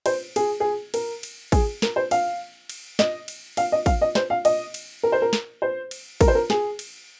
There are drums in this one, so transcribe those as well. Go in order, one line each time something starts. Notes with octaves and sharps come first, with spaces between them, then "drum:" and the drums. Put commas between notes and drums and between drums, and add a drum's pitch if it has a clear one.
C5, drum: cymbal
G#4, drum: cymbal
G#4
A#4, drum: cymbal
drum: cymbal
G#4, drum: kick, cymbal
A#4, drum: snare
C5
F5, drum: cymbal
drum: cymbal
D#5, drum: snare
drum: cymbal
F5, drum: cymbal
D#5
F5, drum: kick, cymbal
D#5
C5, drum: snare
F5
D#5, drum: cymbal
drum: cymbal
A#4
C5
A#4
drum: snare
C5
drum: cymbal
A#4, drum: kick, cymbal
C5
A#4
G#4, drum: snare
drum: cymbal